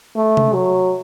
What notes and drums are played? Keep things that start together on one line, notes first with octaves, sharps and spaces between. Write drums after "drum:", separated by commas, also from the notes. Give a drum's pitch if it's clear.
A3
drum: tom C3
F#3